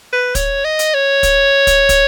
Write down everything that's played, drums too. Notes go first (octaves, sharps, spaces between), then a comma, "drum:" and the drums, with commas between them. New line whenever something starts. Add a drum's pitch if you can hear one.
B4
C#5, drum: kick, hi-hat
D#5
drum: hi-hat
C#5
drum: kick, hi-hat
drum: kick, hi-hat
drum: kick, hi-hat